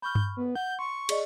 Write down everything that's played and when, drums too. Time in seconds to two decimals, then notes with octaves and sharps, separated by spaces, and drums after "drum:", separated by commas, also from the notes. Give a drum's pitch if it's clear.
0.02 B5 C#6 F6 G6
0.15 drum: tom G2
0.37 B3
0.55 F#5 G6
0.79 C6 C#6
1.09 G#4 D5 D#5, drum: cymbal